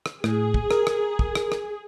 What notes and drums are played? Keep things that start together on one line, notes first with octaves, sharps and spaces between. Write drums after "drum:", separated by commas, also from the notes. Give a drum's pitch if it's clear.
drum: rim click
A2 G#4, drum: rim click
drum: kick
A#4, drum: rim click
drum: rim click
drum: kick
drum: rim click
drum: rim click